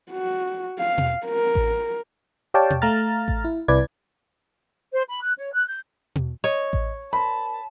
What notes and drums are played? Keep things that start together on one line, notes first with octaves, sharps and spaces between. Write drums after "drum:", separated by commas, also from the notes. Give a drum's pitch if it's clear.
F#4
F5
drum: tom B2
A#4
drum: kick A1
G4 C#5 D5 F5 G5 A5
drum: tom B2
A3 F5 A#5 F6 A6
drum: kick A1
E4
C2 C3 E4 B4 D5 G#6
C5
B5
F#6
C#5
F#6
G6
drum: tom B2
C#5 D#5
drum: kick A1
A#4 C5 D5 A5 B5